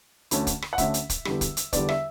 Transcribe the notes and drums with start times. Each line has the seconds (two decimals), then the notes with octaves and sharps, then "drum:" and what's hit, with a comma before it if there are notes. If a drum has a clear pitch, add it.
0.31 D2 D3 A3 C#4, drum: hi-hat
0.47 drum: kick, hi-hat
0.62 drum: rim click
0.73 F#5
0.78 D2 D3 A3 C#4 E5, drum: kick, hi-hat
0.94 drum: hi-hat
1.10 drum: kick, hi-hat
1.25 E2 D3 G3, drum: rim click
1.41 drum: kick, hi-hat
1.57 drum: hi-hat
1.73 E2 D3 G3 D5, drum: kick, hi-hat
1.89 E5, drum: rim click